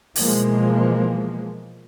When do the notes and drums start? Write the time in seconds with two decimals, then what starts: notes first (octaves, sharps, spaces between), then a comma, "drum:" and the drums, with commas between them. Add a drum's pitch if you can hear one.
0.16 B2 E3 F3 G#3 A#3, drum: open hi-hat